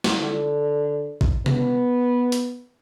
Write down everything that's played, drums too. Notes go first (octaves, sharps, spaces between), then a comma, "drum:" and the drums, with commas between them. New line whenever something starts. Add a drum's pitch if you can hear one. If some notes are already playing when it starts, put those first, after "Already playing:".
drum: snare
D3
drum: kick G#1
B3, drum: tom C3
drum: hi-hat